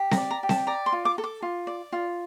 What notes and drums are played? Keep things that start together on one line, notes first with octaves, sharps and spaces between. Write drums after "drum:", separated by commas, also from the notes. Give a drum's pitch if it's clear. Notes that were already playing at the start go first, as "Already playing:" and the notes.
Already playing: G4
A#5, drum: snare C4
D5
A#5
G4
A5, drum: snare C4
D5 A#5
C6
F4
D6
A4
D6
F4
D5
F4